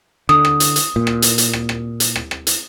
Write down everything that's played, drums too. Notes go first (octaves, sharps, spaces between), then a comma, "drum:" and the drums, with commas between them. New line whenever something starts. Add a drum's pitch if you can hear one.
D3 D#6, drum: rim click
drum: rim click
drum: hi-hat
drum: hi-hat
A#2
drum: rim click
drum: hi-hat
drum: hi-hat
drum: rim click
drum: rim click
drum: hi-hat
drum: rim click
drum: rim click
drum: hi-hat